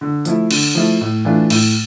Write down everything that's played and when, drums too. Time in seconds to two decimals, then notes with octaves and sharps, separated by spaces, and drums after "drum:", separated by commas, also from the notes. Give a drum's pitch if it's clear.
0.01 D3
0.25 F3 A3 E4, drum: hi-hat
0.51 D3, drum: cymbal
0.75 F3 A3 E4
1.01 A2
1.25 E3 A3 D4 F4
1.50 A2, drum: cymbal